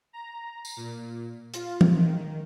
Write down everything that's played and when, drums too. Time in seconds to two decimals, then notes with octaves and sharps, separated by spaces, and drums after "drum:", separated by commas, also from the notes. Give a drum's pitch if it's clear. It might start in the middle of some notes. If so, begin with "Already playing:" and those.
0.13 A#5
0.65 drum: tambourine
0.77 A#2
1.54 F4, drum: hi-hat
1.81 drum: tom E3
1.95 D#3